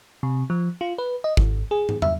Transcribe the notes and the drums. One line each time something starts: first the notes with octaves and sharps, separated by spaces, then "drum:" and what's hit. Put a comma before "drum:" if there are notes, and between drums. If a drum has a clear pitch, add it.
C3
F3
F4
B4
D#5
G#1, drum: kick
G#4
drum: tom
E5, drum: tom